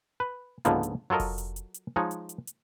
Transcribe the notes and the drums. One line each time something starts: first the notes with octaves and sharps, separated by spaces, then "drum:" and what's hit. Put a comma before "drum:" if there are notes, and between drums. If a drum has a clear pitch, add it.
B4
C#2 G#2 D3 F3 A#3 B3, drum: hi-hat
drum: hi-hat
F#3 F4 A4 A#4 D#5
drum: kick F1, open hi-hat
drum: hi-hat
drum: hi-hat
drum: hi-hat
F3 G#3 D#4 C#5
drum: hi-hat
drum: hi-hat
drum: hi-hat